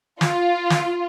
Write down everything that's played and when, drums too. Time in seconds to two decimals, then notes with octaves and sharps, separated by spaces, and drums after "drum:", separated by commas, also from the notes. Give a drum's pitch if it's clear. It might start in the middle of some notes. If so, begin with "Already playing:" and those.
0.21 F4, drum: snare
0.70 drum: snare